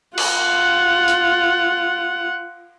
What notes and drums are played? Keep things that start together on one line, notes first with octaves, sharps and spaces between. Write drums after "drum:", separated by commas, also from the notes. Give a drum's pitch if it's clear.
F4 F#5, drum: cymbal
drum: hi-hat